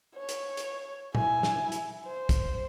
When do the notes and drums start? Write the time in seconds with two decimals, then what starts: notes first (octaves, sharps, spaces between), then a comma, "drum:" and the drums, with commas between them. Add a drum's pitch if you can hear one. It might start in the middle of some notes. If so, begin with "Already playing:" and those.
0.16 C#5
0.29 drum: hi-hat
0.57 drum: hi-hat
1.15 E4 G#5, drum: tom
1.43 drum: snare
1.72 drum: hi-hat
2.06 C5
2.29 drum: kick, hi-hat